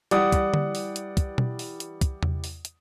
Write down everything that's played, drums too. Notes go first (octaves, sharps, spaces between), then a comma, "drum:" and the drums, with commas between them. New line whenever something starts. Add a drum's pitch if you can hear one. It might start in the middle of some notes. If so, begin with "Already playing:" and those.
E3 G3 D5 F#5 D#6, drum: hi-hat
drum: kick, hi-hat
drum: tom D3
drum: open hi-hat
drum: hi-hat
drum: kick, hi-hat
drum: tom B2
drum: open hi-hat
drum: hi-hat
drum: kick, hi-hat
drum: tom E2
drum: open hi-hat
drum: hi-hat